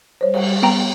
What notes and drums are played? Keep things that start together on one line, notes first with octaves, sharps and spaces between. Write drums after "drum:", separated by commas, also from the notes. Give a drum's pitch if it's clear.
G3 C5 C#5
drum: cymbal
B3 G5 A#5